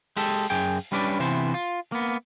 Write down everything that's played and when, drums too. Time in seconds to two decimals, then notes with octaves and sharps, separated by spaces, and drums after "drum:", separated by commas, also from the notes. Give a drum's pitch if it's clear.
0.16 G#3 G4 A4, drum: open hi-hat
0.50 F#2 G#4 G5
0.92 G3 C#4 D4 B4 D5
1.19 C3 E3 B3 C5
1.54 F4
1.92 A#3 B3